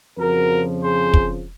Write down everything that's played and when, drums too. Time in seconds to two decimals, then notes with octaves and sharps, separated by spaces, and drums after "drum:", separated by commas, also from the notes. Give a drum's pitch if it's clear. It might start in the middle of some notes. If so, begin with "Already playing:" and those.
0.18 F2 C#3 F3 F#4 A#4
0.82 G#4 C5
1.14 drum: kick